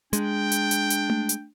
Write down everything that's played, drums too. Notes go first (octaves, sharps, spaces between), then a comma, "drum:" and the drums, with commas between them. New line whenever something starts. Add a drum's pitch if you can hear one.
G#3 D4 G5, drum: hi-hat
drum: hi-hat
drum: hi-hat
drum: hi-hat
drum: tom A3
drum: hi-hat